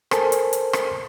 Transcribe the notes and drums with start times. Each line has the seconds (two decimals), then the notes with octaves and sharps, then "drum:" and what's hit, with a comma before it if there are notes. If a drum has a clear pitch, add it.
0.11 A4 A#4 C5 G#5 A5, drum: rim click
0.32 drum: hi-hat
0.53 drum: hi-hat
0.73 drum: rim click